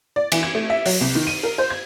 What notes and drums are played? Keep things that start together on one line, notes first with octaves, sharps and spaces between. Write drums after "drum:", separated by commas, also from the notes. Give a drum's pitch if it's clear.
D5
E3, drum: cymbal
G#6
A3
E5
F#3, drum: open hi-hat
C2
D#3
D#7
A#4
C5
G#6